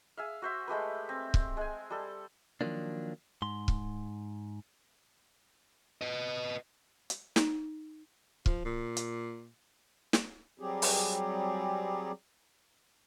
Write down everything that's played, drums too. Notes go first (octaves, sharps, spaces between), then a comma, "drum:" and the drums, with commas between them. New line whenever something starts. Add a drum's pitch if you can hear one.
G#4 E5 F5
F#4 C5 E5
G#3 A3 G4 B4
C4
drum: kick
G#3 G#5
G3 A4
D#3 F3 F#3 A#3 D4
G#2 C6
drum: kick
B4 D#5
drum: hi-hat
D#4, drum: snare
F3, drum: kick
A#2
drum: hi-hat
drum: snare
F#3 G3 C4 G4 G#4
drum: open hi-hat